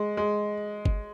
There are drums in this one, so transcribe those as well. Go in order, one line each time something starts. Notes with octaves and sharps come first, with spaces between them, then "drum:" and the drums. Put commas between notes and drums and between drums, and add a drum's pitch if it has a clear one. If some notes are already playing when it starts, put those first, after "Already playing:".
Already playing: G#3
G#3
drum: kick